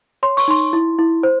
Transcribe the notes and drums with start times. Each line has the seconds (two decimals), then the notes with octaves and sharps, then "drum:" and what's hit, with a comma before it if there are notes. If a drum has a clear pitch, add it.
0.23 C#5 C6
0.37 C#6, drum: open hi-hat
0.48 D#4 C6
0.73 E4
0.99 E4
1.23 C5